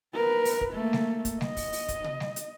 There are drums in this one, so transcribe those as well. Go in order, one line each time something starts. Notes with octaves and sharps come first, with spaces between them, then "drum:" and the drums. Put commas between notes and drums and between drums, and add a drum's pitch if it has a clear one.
A#4 B4
drum: open hi-hat
drum: kick
A3 A#3
drum: snare G3
drum: kick, hi-hat
D#5, drum: snare G3
drum: kick, open hi-hat
drum: open hi-hat
drum: kick, hi-hat
drum: tom C3
drum: snare G3
drum: hi-hat